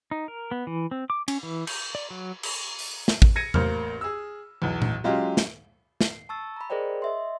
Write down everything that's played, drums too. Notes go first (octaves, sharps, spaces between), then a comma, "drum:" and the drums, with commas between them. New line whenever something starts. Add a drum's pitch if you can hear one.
D#4
A#4
B3
E3
C4
D6
C#4, drum: cymbal
E3
G6, drum: cymbal
D5
F#3
drum: cymbal
drum: open hi-hat
drum: snare
drum: kick
G#6 A#6 C#7 D#7
A1 A#3 C5 F6, drum: tom E2
G#4 E6
B1 E2
drum: tom A#2
F#3 G#3 C#4 F4 G4
drum: snare
C7, drum: snare
A5 C#6 E6 A6
A#5 B5
G#4 A#4 C5 D5 D#5 G5
D#5 E5 C6